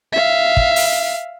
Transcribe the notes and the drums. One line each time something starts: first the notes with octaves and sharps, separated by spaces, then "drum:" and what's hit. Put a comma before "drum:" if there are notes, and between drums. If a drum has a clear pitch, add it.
E5 F5
drum: kick
drum: open hi-hat